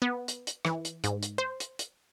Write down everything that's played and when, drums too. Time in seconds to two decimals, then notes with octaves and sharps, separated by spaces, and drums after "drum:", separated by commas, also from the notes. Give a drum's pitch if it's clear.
0.02 B3
0.28 drum: hi-hat
0.47 drum: hi-hat
0.65 E3, drum: rim click
0.85 drum: hi-hat
1.04 G#2, drum: hi-hat
1.23 drum: hi-hat
1.38 C5
1.60 drum: hi-hat
1.79 drum: hi-hat